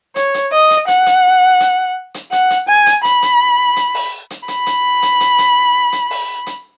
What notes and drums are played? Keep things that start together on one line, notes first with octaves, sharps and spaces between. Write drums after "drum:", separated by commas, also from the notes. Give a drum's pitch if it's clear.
C#5, drum: hi-hat
drum: hi-hat
D#5
drum: hi-hat
F#5, drum: hi-hat
drum: hi-hat
drum: hi-hat
drum: hi-hat
F#5, drum: hi-hat
drum: hi-hat
G#5
drum: hi-hat
B5, drum: hi-hat
drum: hi-hat
drum: hi-hat
drum: open hi-hat
drum: hi-hat
B5, drum: hi-hat
drum: hi-hat
drum: hi-hat
drum: hi-hat
drum: hi-hat
drum: hi-hat
drum: open hi-hat
drum: hi-hat